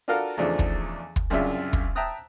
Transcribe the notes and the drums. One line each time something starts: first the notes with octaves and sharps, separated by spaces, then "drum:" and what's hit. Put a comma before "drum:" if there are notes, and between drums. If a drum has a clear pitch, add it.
D4 F4 F#4 A4 A#4 F5
E2 C#3 F3 A3 D4 D#4
drum: kick
drum: kick
C2 F#2 C#3 D4 F4 E5
drum: kick
E5 G5 A5 A#5 D#6 F#6